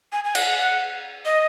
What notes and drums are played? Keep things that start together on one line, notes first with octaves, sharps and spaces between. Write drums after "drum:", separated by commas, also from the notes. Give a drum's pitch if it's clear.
G#5
G#5
F#5, drum: cymbal
F#5
D#5